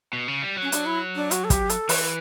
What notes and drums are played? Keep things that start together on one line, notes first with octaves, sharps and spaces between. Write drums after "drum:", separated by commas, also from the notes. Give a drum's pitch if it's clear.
B2
C#3
G3
F#3
C#4
D4, drum: hi-hat
E4
D4
F#4, drum: hi-hat
A4
G4, drum: kick, hi-hat
A4, drum: hi-hat
E3 B4, drum: open hi-hat